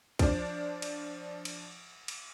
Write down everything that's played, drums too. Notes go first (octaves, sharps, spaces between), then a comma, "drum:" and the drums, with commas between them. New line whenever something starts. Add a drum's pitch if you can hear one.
F3 D4, drum: kick, cymbal
drum: cymbal
drum: cymbal
drum: cymbal